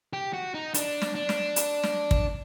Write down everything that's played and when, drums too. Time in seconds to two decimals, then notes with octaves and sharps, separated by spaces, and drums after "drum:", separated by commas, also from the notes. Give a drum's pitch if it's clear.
0.13 G4
0.33 F#4
0.54 D#4
0.74 D4, drum: hi-hat
1.02 drum: snare
1.15 D4
1.29 drum: snare
1.56 drum: hi-hat
1.83 drum: snare
2.11 drum: kick